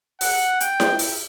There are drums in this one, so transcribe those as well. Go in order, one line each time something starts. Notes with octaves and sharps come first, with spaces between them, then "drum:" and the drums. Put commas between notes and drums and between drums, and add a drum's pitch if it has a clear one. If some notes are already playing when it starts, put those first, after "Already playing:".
F#5, drum: open hi-hat
G5, drum: hi-hat
drum: snare E4
drum: open hi-hat